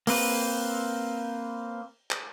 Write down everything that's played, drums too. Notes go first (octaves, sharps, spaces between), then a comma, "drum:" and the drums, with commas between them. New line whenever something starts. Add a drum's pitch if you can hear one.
A#3 C4 B4, drum: open hi-hat
drum: clap